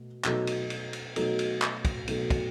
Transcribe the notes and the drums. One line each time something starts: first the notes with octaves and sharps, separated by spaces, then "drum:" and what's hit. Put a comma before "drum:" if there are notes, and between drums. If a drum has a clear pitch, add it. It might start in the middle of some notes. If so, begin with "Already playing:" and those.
Already playing: B2 A3
B2 F#3 A3 D#4 A4, drum: clap
drum: cymbal
drum: cymbal
drum: cymbal
B2 F#3 A3 D#4 A4, drum: cymbal
drum: cymbal
drum: clap
drum: kick, cymbal
B2 F#3 A3 D#4 A4, drum: cymbal
drum: kick, cymbal